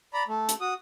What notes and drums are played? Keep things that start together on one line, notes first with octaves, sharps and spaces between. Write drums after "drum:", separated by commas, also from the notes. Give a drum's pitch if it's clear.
D5 A#5 B5
A3
drum: hi-hat
F#4 D#6